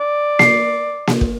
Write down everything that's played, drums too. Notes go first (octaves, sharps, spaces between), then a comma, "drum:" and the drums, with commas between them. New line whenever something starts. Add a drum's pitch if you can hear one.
D5
C7, drum: snare A#3
drum: snare A#3
drum: kick